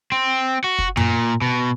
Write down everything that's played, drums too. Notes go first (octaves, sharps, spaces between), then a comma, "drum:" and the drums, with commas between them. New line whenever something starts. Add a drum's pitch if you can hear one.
C4
F#4
drum: kick
A#2, drum: tom F#2
B2